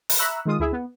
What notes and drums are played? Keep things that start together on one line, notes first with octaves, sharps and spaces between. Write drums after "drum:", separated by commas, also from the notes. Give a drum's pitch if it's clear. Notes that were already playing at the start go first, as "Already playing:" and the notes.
drum: open hi-hat
E5 A#5 B5 C#6 E6 F#6
D#3 G#3 F4 D#6
D2 E4 G#4 E5
B3